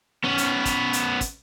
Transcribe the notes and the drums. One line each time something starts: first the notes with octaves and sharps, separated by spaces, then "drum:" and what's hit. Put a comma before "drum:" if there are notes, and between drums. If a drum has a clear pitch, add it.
B3 C#4
drum: hi-hat
drum: kick, hi-hat
drum: hi-hat
drum: kick, hi-hat